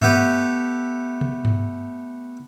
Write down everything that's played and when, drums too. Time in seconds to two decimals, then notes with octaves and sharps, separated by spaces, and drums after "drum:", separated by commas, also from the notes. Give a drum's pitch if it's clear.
0.02 A3 B3 G4, drum: tom G2
1.21 drum: tom C3
1.45 drum: tom G2